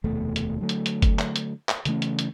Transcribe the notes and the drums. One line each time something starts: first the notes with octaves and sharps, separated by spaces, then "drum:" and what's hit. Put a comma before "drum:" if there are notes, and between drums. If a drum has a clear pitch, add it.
F1 D#2 B2 A3
drum: hi-hat
D3 F#3 G#3 A3
drum: hi-hat
drum: hi-hat
drum: kick F#1, hi-hat
drum: clap
drum: hi-hat
drum: clap
C#3 E3 A3 C#4, drum: hi-hat
drum: hi-hat
drum: hi-hat